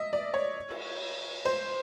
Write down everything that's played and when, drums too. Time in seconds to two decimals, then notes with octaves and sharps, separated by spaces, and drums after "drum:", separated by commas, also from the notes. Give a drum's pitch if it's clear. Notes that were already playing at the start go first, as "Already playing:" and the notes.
Already playing: D#5 E5
0.13 D5
0.34 C#5
0.71 drum: cymbal
1.45 C5